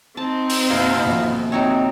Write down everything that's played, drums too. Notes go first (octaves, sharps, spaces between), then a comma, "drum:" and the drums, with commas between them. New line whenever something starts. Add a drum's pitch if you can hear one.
C4 D#4 A5
drum: open hi-hat
F#1 B2 B3 F5 C6 G#6
D#1 A#1
F#3 C4 D#4 C#5